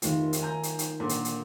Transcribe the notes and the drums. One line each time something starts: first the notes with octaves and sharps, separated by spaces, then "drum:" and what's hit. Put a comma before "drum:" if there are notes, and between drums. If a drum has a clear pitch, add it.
F1 D#3 A3 F4, drum: hi-hat
drum: hi-hat
G#5 A#5 G6
drum: hi-hat
drum: hi-hat
A#2 D3
drum: hi-hat
drum: hi-hat